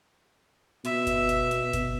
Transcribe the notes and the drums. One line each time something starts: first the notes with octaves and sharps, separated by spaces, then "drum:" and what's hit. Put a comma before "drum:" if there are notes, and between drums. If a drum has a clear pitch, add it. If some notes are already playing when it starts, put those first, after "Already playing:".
B2 E5, drum: hi-hat
drum: kick F#1, hi-hat
drum: hi-hat
drum: hi-hat
drum: kick F#1, hi-hat